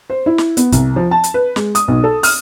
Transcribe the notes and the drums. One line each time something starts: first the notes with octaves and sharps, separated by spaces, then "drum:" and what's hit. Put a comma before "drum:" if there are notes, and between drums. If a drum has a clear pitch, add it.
C5
E4
drum: snare
B3, drum: hi-hat
C2, drum: kick, hi-hat
F3
A5
drum: hi-hat
B4
G#3, drum: snare
D#6, drum: hi-hat
B1
A4
F6, drum: open hi-hat